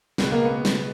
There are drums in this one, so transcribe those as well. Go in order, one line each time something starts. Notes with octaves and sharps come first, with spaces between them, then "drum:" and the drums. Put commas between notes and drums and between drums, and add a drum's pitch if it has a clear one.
C#2 B2 G#3 B3, drum: snare
A#3
B3
drum: snare